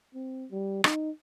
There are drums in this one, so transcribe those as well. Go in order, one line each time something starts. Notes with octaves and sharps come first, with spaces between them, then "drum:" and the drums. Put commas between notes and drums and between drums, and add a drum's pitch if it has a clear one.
C4
G3
D#4, drum: rim click